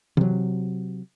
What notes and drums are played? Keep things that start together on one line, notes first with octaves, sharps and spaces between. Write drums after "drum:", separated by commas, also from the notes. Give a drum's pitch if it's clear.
C3 F#3, drum: tom E3